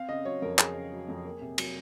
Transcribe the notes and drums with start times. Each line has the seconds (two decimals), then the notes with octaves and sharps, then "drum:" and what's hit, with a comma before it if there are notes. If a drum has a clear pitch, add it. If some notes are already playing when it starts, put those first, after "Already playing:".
Already playing: C4 F5
0.09 C#3 D#5
0.25 F#3 C#5
0.42 F2 A#4
0.59 C4 G#4, drum: clap
0.75 C#3
0.92 F#3
1.08 F2
1.25 A#3
1.41 C3
1.58 F#3, drum: cymbal